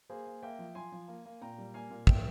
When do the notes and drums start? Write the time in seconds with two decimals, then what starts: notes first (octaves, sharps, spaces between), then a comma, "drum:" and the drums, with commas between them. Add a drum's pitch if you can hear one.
0.10 A#3 G#4 C5
0.27 A#3
0.43 A#3 E5 G5
0.59 F3
0.75 F3 G#5 C6
0.92 F3
1.08 A#3
1.25 A#3
1.42 A#2 G5 A#5
1.58 G3
1.74 A#3 F5 G#5
1.90 A#2
2.07 A#2 E5 G5, drum: kick